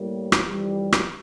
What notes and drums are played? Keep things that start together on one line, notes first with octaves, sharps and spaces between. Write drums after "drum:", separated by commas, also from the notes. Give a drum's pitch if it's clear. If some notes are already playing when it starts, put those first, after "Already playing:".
Already playing: A2 G3 A#3
drum: rim click
F2 E3 G3
drum: rim click